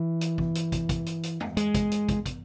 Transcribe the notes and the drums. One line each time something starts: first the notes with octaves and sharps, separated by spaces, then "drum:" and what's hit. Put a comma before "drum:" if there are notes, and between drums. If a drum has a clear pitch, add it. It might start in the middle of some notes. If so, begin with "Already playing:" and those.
Already playing: E3
drum: hi-hat
drum: kick
drum: hi-hat
drum: kick, hi-hat
drum: kick, hi-hat
drum: hi-hat
drum: hi-hat
drum: tom
G#3, drum: hi-hat
drum: kick, hi-hat
drum: hi-hat
drum: kick, hi-hat
drum: kick, hi-hat